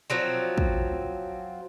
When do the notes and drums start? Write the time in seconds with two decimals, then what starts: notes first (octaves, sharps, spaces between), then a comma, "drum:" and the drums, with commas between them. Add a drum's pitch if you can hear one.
0.10 F3 F#3 C4
0.58 drum: kick